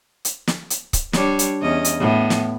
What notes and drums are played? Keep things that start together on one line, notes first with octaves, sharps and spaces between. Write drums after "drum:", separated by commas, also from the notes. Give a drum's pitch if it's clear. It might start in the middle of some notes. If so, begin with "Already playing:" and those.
drum: hi-hat
drum: snare
drum: hi-hat
drum: kick C#1, hi-hat
G3 D4 C#5, drum: snare
drum: hi-hat
E2 C#4 D#5
drum: hi-hat
A2 B3
drum: snare